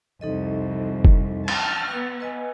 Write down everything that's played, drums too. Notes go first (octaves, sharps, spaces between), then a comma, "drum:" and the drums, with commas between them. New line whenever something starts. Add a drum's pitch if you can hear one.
C2 F2 D#4 A4 D#5
drum: kick
G5 A5 F6, drum: cymbal
B3
B4 D#5 G#5